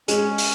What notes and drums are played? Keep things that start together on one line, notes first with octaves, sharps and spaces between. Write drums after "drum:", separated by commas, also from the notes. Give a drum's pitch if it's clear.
G#3 C#4, drum: hi-hat
drum: open hi-hat